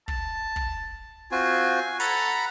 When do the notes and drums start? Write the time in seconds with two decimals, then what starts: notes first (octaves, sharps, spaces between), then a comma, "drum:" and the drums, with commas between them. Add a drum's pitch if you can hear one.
0.08 A5, drum: kick
0.56 drum: kick
1.32 C4 F4 F#4 G#5
2.00 A4 F#5 A#5 B5, drum: hi-hat